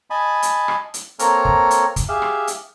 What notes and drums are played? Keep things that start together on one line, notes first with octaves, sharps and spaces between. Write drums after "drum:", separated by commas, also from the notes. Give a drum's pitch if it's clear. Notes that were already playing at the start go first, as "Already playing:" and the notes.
D#5 G#5 A5 B5
drum: hi-hat
drum: rim click
drum: hi-hat
A#3 C4 A4 C#5 A#5 F6, drum: hi-hat
drum: kick
drum: hi-hat
drum: kick, hi-hat
G4 G#4 E5 F5
drum: rim click
drum: hi-hat